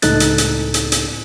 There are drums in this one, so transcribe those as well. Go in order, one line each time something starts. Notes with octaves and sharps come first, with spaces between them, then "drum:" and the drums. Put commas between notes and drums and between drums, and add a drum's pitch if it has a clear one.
C#2 A2 D#4 A4 F#6 A6, drum: hi-hat
drum: hi-hat
drum: hi-hat
drum: hi-hat
drum: hi-hat